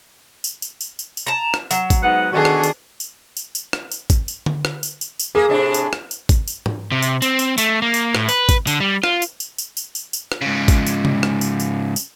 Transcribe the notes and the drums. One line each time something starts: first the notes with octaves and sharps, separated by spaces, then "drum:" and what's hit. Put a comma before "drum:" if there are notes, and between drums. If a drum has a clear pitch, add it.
drum: tambourine
drum: tambourine
drum: tambourine
drum: tambourine
drum: tambourine
A5 A#5
drum: rim click
F#3, drum: tambourine
drum: kick G#1, tambourine
G#2 B3 F#5
B2 D3 D#3 D4 F#4 G#4
drum: rim click
drum: tambourine
drum: tambourine
drum: tambourine
drum: tambourine
drum: rim click
drum: tambourine
drum: kick G#1, tambourine
drum: tambourine
drum: tom D3
drum: rim click
drum: tambourine
drum: tambourine
drum: tambourine
A#3 G#4
A2 C3 D4
drum: tambourine
drum: rim click
drum: tambourine
drum: kick G#1, tambourine
drum: tambourine
drum: tom G#2
C3
drum: tambourine
C4, drum: tambourine
drum: tambourine
A3, drum: tambourine
A#3
drum: tambourine
A2, drum: rim click
B4, drum: tambourine
drum: kick G#1, tambourine
D3, drum: tambourine
G3
F4, drum: rim click
drum: tambourine
drum: tambourine
drum: tambourine
drum: tambourine
drum: tambourine
drum: tambourine
drum: rim click
G#2 C#3
drum: kick G#1, tambourine
drum: tambourine
drum: tom C3
drum: rim click
drum: tambourine
drum: tambourine
drum: tambourine